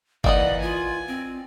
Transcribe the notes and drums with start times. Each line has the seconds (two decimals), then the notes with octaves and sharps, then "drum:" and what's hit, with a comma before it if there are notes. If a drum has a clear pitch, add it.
0.24 E3 A#3 D#4 D5 D#5 F#5, drum: kick G1
0.62 F4 G#5
1.08 C4